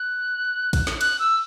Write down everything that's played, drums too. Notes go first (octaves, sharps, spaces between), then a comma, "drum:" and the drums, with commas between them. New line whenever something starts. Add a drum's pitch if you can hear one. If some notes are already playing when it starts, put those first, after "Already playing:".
Already playing: F#6
drum: kick, cymbal
drum: snare
F#6, drum: cymbal
E6